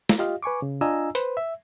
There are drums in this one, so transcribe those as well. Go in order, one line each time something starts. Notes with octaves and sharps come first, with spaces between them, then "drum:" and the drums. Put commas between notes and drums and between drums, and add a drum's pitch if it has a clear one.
drum: snare
F4 G4 D#5 F5
B4 G#5 C#6 D6
C#3
D4 F4 D#5 G#5 A#5 E6
B4 C5, drum: hi-hat
E5